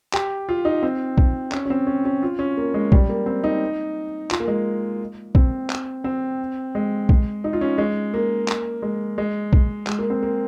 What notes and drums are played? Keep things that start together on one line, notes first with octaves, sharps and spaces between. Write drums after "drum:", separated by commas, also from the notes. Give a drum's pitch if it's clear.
G4, drum: clap
F4
D#4
C4
drum: kick A#1
C#4, drum: clap
C#4
C4
C#4
C#4
F4
C#4
A#3
G#3
G3, drum: kick A#1
A#3
C4
D#4
F4, drum: clap
A#3
G#3
C4, drum: kick A#1
drum: clap
C4
G#3
drum: kick A#1
D#4
F4
C#4
G#3
A#3
drum: clap
G#3
G#3
drum: kick A#1
G#3, drum: clap
A#3
C4
A#3